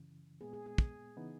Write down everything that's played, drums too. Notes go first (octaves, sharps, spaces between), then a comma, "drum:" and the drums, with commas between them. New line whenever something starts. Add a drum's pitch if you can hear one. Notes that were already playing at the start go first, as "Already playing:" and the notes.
Already playing: F#2 C#3 E3
A#2 G#3 B3 G#4
G#4
G#4
drum: kick
C#3 E3 B3 D#4